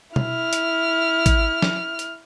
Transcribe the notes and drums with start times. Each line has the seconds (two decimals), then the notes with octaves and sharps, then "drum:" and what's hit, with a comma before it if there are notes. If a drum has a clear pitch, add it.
0.16 E4 F6, drum: tom
0.53 drum: hi-hat
1.26 drum: kick, hi-hat
1.62 drum: snare
1.99 drum: hi-hat